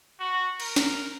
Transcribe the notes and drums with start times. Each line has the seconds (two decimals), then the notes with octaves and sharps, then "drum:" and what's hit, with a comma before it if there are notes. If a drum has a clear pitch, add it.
0.19 F#4
0.60 A#4, drum: cymbal
0.76 drum: snare